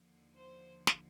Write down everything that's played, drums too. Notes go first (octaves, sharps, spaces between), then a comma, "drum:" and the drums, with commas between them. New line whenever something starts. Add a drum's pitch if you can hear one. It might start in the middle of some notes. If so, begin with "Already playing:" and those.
Already playing: D#2 D3 F3
C5
drum: snare